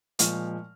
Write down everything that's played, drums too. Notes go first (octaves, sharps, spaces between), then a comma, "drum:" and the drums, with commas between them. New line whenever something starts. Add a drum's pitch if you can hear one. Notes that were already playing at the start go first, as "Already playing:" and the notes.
A#2 F3 G#3 C#6 F6, drum: hi-hat